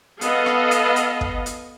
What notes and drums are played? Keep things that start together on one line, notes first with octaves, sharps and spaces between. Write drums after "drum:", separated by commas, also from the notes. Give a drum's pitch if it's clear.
B3 A4 D#5 F5, drum: hi-hat
drum: rim click
drum: hi-hat
drum: hi-hat
drum: kick
drum: hi-hat